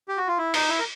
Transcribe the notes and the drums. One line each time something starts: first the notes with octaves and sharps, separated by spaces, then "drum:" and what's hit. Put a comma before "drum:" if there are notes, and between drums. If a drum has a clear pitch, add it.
G4
F#4
F4
E4
D#4, drum: open hi-hat
E4
A#4